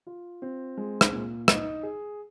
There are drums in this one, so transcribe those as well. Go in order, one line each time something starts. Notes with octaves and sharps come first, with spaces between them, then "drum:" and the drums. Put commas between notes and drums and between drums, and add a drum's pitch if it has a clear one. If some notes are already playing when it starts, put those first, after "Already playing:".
F4
C4
G#3
drum: rim click
A#2
D#4, drum: rim click
G#4